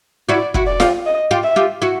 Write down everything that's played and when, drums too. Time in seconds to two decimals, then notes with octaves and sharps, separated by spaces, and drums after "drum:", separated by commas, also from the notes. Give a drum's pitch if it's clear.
0.29 E4 F#4 D5
0.54 E4 F#4, drum: kick
0.67 D5
0.80 F4 G4, drum: snare F4
1.06 D#5
1.31 F4 G4
1.43 E5
1.56 F4 G4
1.82 E4 F#4